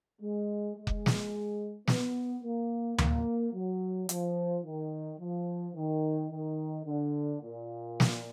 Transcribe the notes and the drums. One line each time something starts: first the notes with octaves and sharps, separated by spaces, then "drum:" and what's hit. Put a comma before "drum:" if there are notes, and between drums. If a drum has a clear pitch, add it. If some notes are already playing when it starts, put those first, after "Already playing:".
G#3
G#3
drum: kick F1
drum: snare
B3, drum: snare
A#3
A#3, drum: tom D2
F#3
F3, drum: hi-hat
D#3
F3
D#3
D#3
D3
A#2
drum: snare